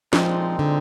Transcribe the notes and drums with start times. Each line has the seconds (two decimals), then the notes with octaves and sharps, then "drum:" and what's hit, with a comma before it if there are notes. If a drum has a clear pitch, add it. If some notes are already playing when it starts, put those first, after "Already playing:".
0.13 A#2 F3 G#3 C4 D#4, drum: snare
0.59 D3